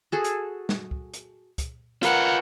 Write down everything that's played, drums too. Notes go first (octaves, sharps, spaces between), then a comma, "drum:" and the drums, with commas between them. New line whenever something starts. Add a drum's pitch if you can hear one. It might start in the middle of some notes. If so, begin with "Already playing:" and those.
F#4 G#4 A4
drum: hi-hat
drum: snare
drum: kick
drum: hi-hat
drum: kick, hi-hat
F4 A#4 B4 F#5 G5, drum: hi-hat